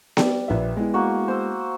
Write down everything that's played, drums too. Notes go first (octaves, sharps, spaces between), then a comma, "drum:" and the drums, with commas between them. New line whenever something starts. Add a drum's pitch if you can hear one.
G3 A5, drum: snare B3
A#1 B4 E5
G#3 B3 E4
A#3 F#4
C5 E6